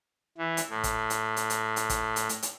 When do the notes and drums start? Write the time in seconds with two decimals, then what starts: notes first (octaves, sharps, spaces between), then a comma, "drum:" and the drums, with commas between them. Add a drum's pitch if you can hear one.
0.38 E3
0.57 drum: hi-hat
0.70 A2
0.84 drum: kick, hi-hat
1.10 drum: hi-hat
1.37 drum: hi-hat
1.50 drum: hi-hat
1.76 drum: hi-hat
1.90 drum: kick, hi-hat
2.16 drum: hi-hat
2.29 drum: hi-hat
2.42 drum: hi-hat